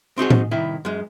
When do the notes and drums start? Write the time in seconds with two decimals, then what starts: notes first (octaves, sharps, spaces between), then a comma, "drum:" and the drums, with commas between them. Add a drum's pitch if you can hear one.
0.18 C4 D#4 F#4 G#4
0.30 drum: tom A2
0.51 C2 D#3 E4
0.85 F#2 G#3